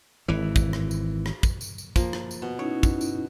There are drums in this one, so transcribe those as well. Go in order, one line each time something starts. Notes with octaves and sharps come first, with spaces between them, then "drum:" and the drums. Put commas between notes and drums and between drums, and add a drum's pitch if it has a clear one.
G#1 E3
drum: kick, tambourine
drum: rim click
drum: tambourine
drum: rim click
drum: kick, tambourine
drum: tambourine
drum: tambourine
F3 A#3, drum: kick, tambourine
drum: rim click
drum: tambourine
B2
C#4 D#4 E4 C#5
drum: kick, tambourine
drum: tambourine